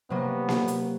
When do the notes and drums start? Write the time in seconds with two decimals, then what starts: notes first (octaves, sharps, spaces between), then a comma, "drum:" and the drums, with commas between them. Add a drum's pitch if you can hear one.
0.10 C3 F#3 A#3 B3
0.49 drum: snare A#3
0.68 drum: hi-hat